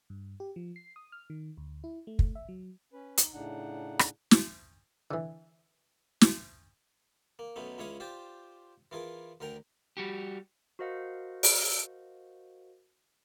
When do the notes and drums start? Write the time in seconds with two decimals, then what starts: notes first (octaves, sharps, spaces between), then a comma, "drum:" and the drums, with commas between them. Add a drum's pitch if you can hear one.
0.10 G2
0.40 G4
0.56 F3
0.76 C7
0.96 D#6
1.12 F6
1.30 D#3
1.57 D2
1.84 E4
2.07 A3
2.19 drum: kick
2.35 E5
2.49 F#3
2.93 C#4 B4
3.17 D#4, drum: hi-hat
3.33 A2 C#3 D4 D#4 F#5
3.99 drum: rim click
4.31 drum: snare
5.11 D3 E3
6.21 drum: snare
7.39 A#3
7.56 B1 B2 A3 C#4 D#4
7.78 C#2 C#4 E4 C#5 F5 D#6
8.00 F4 G4 C5 D5
8.91 E3 F4 G#4 A#4
9.40 D2 D3 A#4 G5 A#5
9.97 G3 F#4 G4
10.79 F#4 A#4 C5 D#5 F5 F#5
11.43 drum: open hi-hat